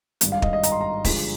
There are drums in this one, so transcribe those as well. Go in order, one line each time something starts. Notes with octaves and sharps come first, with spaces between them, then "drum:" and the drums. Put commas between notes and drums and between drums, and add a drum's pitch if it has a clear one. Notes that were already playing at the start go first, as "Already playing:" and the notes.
G#1 G2 G3, drum: hi-hat
F5
D#5, drum: kick
D#5
A#5, drum: hi-hat
C6
A#5
G1 G2 F3 G#3, drum: kick, open hi-hat